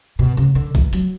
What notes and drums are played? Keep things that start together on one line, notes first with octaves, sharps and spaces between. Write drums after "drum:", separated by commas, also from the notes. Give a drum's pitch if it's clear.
B2
C#3
D3
E3, drum: kick A#1, hi-hat
F#3, drum: hi-hat